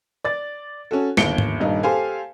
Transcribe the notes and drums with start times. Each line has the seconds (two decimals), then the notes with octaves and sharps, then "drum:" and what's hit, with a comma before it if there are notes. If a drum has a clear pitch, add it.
0.24 D5 A6
0.91 C#4 F#4 A4
1.17 G1 D#2 C#7 D7 G7, drum: snare
1.38 drum: tom G#2
1.60 D#1 G2 D#4
1.83 G4 A4 C5 F5 G#5